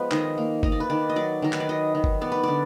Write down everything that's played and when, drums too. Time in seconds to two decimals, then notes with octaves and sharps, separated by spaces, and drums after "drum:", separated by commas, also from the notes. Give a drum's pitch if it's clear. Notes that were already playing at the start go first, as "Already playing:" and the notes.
Already playing: F3 G#3 B3 B4
0.11 D#3 D#5, drum: clap
0.38 A#3
0.63 A#3 D#5, drum: kick
0.72 D5
0.80 B4
0.90 D#3 D5
1.10 D#5
1.16 F#3 D5
1.42 D#3 A#4
1.53 B4, drum: clap
1.60 D5
1.69 F#3 D#5
1.95 D#3
2.04 drum: kick
2.21 B3 D5
2.32 B4
2.43 D3 D5